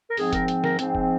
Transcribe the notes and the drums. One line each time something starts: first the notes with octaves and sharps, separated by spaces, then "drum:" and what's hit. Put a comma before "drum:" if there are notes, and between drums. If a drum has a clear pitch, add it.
A#4
G#2 F3 C4 G#4, drum: open hi-hat
A#4, drum: kick F1, hi-hat
drum: hi-hat
A#4, drum: snare
G#2 F3 C4, drum: hi-hat
drum: kick F1